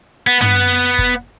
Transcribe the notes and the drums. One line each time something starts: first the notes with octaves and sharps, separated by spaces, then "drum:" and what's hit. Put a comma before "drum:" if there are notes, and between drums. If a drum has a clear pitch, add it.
B3
B3, drum: tom
drum: kick